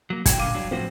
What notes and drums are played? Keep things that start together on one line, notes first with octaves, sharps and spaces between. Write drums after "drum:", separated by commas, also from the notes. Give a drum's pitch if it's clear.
F#3 A#3
G#2 D3 F#4 G5 G#6, drum: kick, hi-hat
A#2 D3 F5 D6 D#7
G2 F#3 D4
A2 F3 C4 F#4